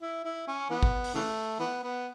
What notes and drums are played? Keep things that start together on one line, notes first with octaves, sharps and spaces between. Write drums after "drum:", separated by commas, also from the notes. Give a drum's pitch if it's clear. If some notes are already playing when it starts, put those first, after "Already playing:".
E4
E4
C#4
E3 B3
drum: kick G#1
drum: open hi-hat
C#3 E3 A3
E3 B3
B3